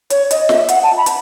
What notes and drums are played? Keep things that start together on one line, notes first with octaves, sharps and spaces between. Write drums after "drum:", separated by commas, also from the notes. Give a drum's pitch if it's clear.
C#5, drum: hi-hat
D#5, drum: hi-hat
E5, drum: snare
F#5, drum: hi-hat
A5
B5
drum: hi-hat